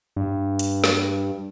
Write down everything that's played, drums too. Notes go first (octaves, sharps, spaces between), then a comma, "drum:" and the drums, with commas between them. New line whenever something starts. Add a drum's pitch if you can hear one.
G2
drum: hi-hat
drum: snare